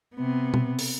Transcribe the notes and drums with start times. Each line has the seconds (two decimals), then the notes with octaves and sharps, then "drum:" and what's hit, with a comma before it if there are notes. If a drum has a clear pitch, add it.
0.16 C3 B3
0.54 drum: tom B2
0.79 drum: open hi-hat